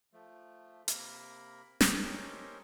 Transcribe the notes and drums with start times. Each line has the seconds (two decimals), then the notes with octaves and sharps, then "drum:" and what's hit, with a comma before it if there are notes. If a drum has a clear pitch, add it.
0.13 F3 A3
0.88 C3 A#3 A#4 B5, drum: hi-hat
1.81 F#4, drum: snare
2.02 C#4 G4 A4 A#4 C5 D#5